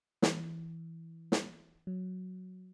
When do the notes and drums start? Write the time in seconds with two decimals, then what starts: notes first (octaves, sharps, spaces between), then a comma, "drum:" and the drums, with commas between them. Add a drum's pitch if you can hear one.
0.22 E3, drum: snare
1.32 drum: snare
1.87 F#3